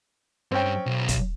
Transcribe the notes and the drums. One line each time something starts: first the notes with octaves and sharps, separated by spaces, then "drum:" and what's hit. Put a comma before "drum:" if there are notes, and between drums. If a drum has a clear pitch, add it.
G2 C4 C#4 G5
B1
drum: kick, hi-hat